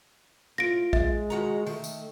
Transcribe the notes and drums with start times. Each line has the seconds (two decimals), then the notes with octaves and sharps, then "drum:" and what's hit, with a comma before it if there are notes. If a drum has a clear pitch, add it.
0.58 A2 F4 A#6 D7
0.93 G#3 E5, drum: kick A#1
1.30 D#3 F#4 A#5
1.67 D#3 A3, drum: open hi-hat
1.84 drum: tambourine